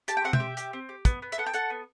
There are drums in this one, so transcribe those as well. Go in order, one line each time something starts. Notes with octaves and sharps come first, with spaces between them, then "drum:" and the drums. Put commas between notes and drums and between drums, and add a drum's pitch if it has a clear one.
G4 A5, drum: hi-hat
G5
C4 F#5
E5 G5, drum: tom B2
G4
G4, drum: hi-hat
C4
G4
B3, drum: kick, hi-hat
B3
E5, drum: hi-hat
A4 F#5
G5
A4 F#5 A5, drum: hi-hat
B3